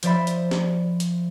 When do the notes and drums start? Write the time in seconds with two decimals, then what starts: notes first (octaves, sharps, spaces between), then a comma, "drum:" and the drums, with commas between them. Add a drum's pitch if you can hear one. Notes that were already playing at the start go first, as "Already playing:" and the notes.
0.03 F3 C5 D5 E5 B5, drum: hi-hat
0.27 drum: hi-hat
0.51 drum: snare
1.00 drum: hi-hat